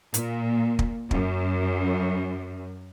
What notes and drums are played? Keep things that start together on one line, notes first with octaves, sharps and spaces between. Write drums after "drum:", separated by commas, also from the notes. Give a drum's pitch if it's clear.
A#2, drum: hi-hat
drum: kick
F#2, drum: kick